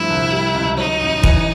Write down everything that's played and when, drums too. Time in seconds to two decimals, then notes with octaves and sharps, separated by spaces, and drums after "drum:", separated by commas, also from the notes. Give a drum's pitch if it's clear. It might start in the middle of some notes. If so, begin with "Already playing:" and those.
Already playing: G2 F3 A3 E4
0.10 C2
0.33 G3
0.55 C#2
0.77 F#3 D#4
1.01 A1
1.23 E3, drum: kick